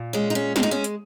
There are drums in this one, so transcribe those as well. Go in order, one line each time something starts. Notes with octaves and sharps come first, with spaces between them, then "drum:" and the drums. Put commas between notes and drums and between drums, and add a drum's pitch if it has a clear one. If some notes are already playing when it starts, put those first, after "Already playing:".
Already playing: A#2
G#3 C#4
D#4
C#4
G#3 C#4, drum: snare
D#4
C#4
drum: hi-hat